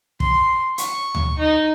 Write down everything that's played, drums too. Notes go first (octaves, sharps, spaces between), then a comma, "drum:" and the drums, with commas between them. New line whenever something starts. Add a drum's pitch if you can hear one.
C6, drum: kick
C#6, drum: hi-hat
drum: tom D2
D#4